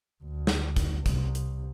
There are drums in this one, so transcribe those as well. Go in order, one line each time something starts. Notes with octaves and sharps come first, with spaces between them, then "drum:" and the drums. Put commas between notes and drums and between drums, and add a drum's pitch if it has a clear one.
D2
drum: snare
drum: kick, hi-hat
C2, drum: kick, hi-hat
drum: hi-hat